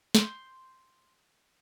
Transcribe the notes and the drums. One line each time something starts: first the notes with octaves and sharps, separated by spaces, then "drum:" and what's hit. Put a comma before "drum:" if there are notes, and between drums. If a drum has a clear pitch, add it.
C6 G6, drum: snare